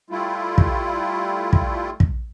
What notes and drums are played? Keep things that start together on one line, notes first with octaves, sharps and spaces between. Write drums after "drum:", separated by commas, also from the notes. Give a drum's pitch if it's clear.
G3 A3 E4 F4
drum: kick
drum: kick
drum: kick